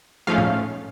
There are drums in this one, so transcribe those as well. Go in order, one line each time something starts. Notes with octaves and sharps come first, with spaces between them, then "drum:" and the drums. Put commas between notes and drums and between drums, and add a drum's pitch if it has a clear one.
G#2 F3 A3 C#4 F5
drum: tom A2